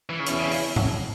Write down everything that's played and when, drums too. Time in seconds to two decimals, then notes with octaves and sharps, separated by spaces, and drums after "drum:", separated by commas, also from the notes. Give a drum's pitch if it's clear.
0.10 E3
0.20 C#3
0.26 E2 B2 E3 C#4 E4, drum: hi-hat
0.39 C#3
0.51 drum: open hi-hat
0.76 drum: tom G#2